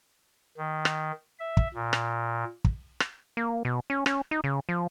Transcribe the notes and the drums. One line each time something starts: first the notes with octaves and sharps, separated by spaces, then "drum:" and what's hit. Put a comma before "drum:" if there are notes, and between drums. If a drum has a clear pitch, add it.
D#3
drum: rim click
E5
drum: kick
A#2
drum: rim click
drum: kick
drum: rim click
A#3
B2
C#4
C#4, drum: rim click
D#4
C#3
F3